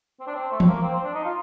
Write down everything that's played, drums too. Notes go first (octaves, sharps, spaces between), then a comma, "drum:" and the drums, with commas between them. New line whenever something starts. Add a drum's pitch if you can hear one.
C4
D4
C4
A3
C4, drum: tom E3
A#3
C4
C4
D4
D#4
F4